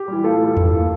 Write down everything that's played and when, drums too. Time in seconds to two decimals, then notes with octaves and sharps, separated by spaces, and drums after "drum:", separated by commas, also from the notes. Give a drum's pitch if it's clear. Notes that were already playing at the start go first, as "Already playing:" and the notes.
Already playing: G4
0.08 E3 G3
0.24 A2 F4 A4
0.40 E3 G3
0.57 G2, drum: tom E2
0.73 E3 A#3